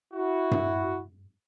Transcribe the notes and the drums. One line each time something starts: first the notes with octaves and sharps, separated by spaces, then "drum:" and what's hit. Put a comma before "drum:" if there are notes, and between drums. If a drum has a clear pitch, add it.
E4 F#4
drum: tom G2